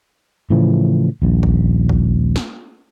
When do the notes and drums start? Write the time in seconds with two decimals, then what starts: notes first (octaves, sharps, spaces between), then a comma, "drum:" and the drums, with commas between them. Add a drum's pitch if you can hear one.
0.50 A2 C#3 E3 F3
1.22 D#1 A#1
1.43 drum: kick
1.89 drum: kick
2.36 drum: snare